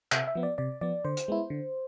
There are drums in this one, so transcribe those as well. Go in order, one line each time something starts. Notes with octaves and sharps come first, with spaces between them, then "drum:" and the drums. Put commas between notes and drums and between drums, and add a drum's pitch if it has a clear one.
C3 E5, drum: clap
E5
F3 B3
D5
C3 D5
F3 B3 D5
D3 C5
drum: hi-hat
G#3 B3 E4
D3